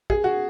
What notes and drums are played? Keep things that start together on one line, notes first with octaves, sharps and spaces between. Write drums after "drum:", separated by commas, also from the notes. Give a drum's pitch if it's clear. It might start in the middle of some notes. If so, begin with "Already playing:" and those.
G#4, drum: kick
F#4